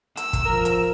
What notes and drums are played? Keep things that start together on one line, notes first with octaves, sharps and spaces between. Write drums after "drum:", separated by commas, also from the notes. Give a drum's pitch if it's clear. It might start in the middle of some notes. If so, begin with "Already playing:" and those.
E6, drum: hi-hat
drum: kick, hi-hat
F3 A#4
drum: hi-hat